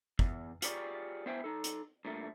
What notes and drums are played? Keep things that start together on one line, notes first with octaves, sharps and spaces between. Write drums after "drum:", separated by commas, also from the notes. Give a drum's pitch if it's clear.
E2, drum: kick
F4 G4 G#4 C#5 D5, drum: hi-hat
B3 E4 C5 E5 G5 G#5
D#4 A4
drum: hi-hat
G2 A#2 A3